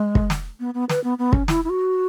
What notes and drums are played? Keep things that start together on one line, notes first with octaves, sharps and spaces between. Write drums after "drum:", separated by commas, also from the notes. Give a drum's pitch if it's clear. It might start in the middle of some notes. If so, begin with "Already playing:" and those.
Already playing: G#3
drum: kick
drum: snare
B3
B3
B4, drum: snare
B3
B3
C#4, drum: kick
E4, drum: snare
E4
F#4